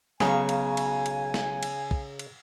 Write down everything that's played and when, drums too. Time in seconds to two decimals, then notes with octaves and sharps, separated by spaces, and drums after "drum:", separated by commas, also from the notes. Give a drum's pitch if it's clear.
0.20 B1 C#3 G#4 C#5 F5 G#5 A#5, drum: snare
0.49 drum: cymbal
0.77 drum: cymbal
1.06 drum: cymbal
1.34 drum: snare
1.63 drum: cymbal
1.91 drum: kick
2.19 drum: cymbal